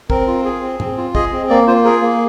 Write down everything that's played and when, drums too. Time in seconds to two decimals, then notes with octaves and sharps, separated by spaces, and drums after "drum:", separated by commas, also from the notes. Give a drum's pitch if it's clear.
0.10 C4 A#4, drum: kick
0.27 F4
0.45 G#4
0.62 C4
0.80 C4, drum: tom
0.97 F4
1.15 G#4 D#5, drum: kick
1.33 C4
1.49 A#3 D5
1.67 F4 C5
1.85 G#4 A#4
2.02 A#3